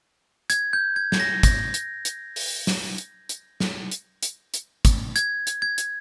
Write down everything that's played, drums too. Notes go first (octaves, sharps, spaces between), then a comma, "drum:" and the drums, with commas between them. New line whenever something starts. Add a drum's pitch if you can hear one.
G#6, drum: hi-hat
G6
G#6
G#6, drum: snare
A#6
A#6, drum: kick, hi-hat
drum: hi-hat
drum: hi-hat
drum: open hi-hat
drum: snare
drum: hi-hat
drum: hi-hat
drum: snare
drum: hi-hat
drum: hi-hat
drum: hi-hat
drum: kick, hi-hat
G#6, drum: hi-hat
drum: hi-hat
G#6
drum: hi-hat